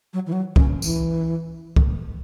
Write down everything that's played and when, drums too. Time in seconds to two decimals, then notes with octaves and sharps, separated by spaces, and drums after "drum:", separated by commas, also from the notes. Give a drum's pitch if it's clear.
0.13 F#3
0.26 E3
0.32 F#3
0.56 C#4, drum: kick
0.82 E3, drum: tambourine
1.76 drum: kick